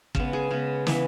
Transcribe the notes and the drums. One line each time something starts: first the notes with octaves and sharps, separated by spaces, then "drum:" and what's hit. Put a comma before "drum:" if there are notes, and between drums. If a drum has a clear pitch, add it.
C#3 G#3 B3, drum: kick
G#4
C#3 G#3 B3
C#3 E3 G#3 B3, drum: snare